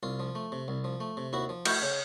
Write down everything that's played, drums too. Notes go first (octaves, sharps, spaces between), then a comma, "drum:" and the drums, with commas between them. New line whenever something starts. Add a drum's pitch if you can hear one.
C2 F4
F3
A3
C3
C2
F3
A3
C3
D#2 E4 F#4
F3
A3 E4 F#4, drum: cymbal
C#3